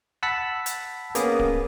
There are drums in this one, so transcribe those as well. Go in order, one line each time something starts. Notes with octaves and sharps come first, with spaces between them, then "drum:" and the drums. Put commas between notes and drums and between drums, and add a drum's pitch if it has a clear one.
F#5 A5 B5 E6 B6
drum: hi-hat
A#3 B3 C#4 G#4, drum: hi-hat
drum: kick D1